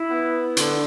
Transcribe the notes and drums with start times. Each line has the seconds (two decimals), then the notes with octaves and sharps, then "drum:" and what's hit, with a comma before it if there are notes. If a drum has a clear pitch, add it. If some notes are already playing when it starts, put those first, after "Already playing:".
Already playing: E4
0.10 B3
0.57 D3, drum: hi-hat